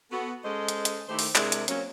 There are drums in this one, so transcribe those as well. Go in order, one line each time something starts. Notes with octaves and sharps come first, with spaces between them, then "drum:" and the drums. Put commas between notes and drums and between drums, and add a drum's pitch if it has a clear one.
B3 F#4 A4
G#3 C#4 A4 C5 D#5
drum: hi-hat
drum: hi-hat
D#3 A3 E4 G4 A4 C5
drum: open hi-hat
C3 G#3 D4 E4 G#4 A#4, drum: clap
drum: hi-hat
F#3 A#3 C4 C#4, drum: hi-hat